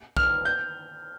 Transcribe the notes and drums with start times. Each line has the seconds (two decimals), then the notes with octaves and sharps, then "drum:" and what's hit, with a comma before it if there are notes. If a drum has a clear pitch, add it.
0.17 F6, drum: kick
0.45 G6